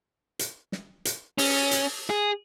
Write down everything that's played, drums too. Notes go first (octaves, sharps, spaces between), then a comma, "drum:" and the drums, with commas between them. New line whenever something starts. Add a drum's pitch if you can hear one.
drum: hi-hat
drum: snare
drum: hi-hat
C#4, drum: open hi-hat
drum: hi-hat
G#4